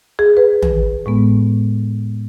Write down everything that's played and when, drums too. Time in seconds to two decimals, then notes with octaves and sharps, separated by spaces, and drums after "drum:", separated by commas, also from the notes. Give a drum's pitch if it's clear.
0.19 G#4
0.37 B4
0.62 drum: tom
1.06 A2 G#3 B3